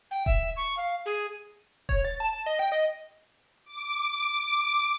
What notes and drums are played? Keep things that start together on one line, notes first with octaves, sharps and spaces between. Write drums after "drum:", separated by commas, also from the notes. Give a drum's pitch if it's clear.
G5
E5, drum: kick D#1
C#6
F5
G#4
C#5, drum: kick D#1
A6
A5
A5
D#5
G5
D#5
D6